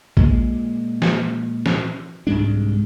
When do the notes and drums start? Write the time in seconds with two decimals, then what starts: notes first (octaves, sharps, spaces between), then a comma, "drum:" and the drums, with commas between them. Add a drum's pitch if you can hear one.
0.17 A#2 G#3, drum: kick
1.02 drum: snare
1.66 drum: snare
2.27 C2 G#2 G#3 D4